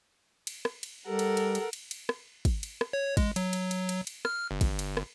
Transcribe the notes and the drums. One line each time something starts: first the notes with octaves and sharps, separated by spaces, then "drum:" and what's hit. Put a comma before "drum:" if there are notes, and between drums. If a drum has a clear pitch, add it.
drum: cymbal
drum: rim click
drum: cymbal
G3 A4 A#4 F#5
drum: cymbal
drum: cymbal
drum: cymbal
drum: cymbal
drum: cymbal
drum: rim click
drum: kick, cymbal
drum: cymbal
drum: rim click
C#5
G#3, drum: kick, cymbal
F#3, drum: cymbal
drum: cymbal
drum: cymbal
drum: cymbal
drum: cymbal
F6, drum: rim click
G1
drum: kick, cymbal
drum: cymbal
drum: rim click